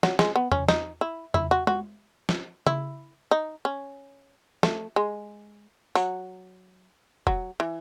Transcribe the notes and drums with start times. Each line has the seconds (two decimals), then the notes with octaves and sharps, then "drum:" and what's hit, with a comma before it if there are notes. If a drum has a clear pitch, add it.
0.03 F#3, drum: snare
0.19 G#3, drum: snare
0.36 B3
0.52 C#4, drum: tom E2
0.68 D#4, drum: snare
1.01 E4
1.34 E4, drum: tom E2
1.51 F#4
1.67 F#4, drum: tom
2.29 drum: snare
2.67 E4, drum: tom C#3
3.31 D#4
3.65 C#4
4.63 A3, drum: snare
4.96 G#3
5.95 F#3, drum: tambourine
7.27 F#3, drum: kick E1
7.60 E3